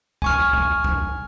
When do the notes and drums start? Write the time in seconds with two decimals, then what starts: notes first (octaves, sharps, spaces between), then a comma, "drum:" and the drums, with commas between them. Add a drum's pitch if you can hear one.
0.22 G#5 C#6 F6, drum: kick
0.53 drum: kick
0.84 drum: kick